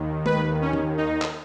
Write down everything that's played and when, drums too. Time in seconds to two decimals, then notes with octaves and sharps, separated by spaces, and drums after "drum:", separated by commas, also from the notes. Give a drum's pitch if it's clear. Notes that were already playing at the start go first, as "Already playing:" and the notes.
Already playing: D#2 D#3
0.26 B4, drum: tom
0.62 C#4
0.73 drum: tom D#3
0.97 D#4
1.22 drum: clap